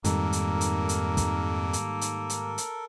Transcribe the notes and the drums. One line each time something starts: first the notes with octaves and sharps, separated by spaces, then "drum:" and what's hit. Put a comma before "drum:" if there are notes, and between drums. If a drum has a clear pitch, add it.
F2 G#2 D#3 G3 A#3 A4 A#4, drum: hi-hat
drum: hi-hat
drum: hi-hat
drum: hi-hat
drum: kick, hi-hat
drum: hi-hat
drum: hi-hat
drum: hi-hat
drum: hi-hat